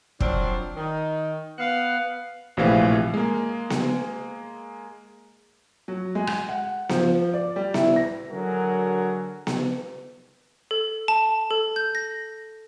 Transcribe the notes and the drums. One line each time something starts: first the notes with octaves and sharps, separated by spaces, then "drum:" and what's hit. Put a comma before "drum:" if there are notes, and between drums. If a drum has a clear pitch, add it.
F3 F#3 C4 D4, drum: kick
D#3
B3 F5 F#5
A#1 A2 C3 E3 F5
G#3 A#3
drum: snare B3
F#3
G#3
drum: rim click
F#5
F3, drum: snare B3
D5
G3
E4, drum: snare B3
A#6
D3 F#3 F#4 G#4 A#4
drum: snare B3
A4
A5
A4
G6
A#6